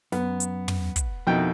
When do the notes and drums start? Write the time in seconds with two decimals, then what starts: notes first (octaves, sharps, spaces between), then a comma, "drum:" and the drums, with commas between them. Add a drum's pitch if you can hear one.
0.12 F#2 B3, drum: snare
0.40 drum: hi-hat
0.68 drum: tom
0.96 drum: kick, hi-hat
1.27 F2 B2 D#4 E4 A#4 G5